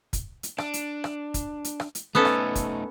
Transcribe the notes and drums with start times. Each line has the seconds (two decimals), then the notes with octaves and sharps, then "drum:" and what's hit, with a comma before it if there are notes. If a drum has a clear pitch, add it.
0.13 drum: kick, hi-hat
0.43 drum: hi-hat
0.58 D4, drum: rim click
0.74 drum: hi-hat
1.04 drum: rim click
1.34 drum: kick, hi-hat
1.64 drum: hi-hat
1.80 drum: rim click
1.95 drum: hi-hat
2.15 A3 B3 C#4 D#4 A4
2.25 drum: rim click
2.55 drum: kick, hi-hat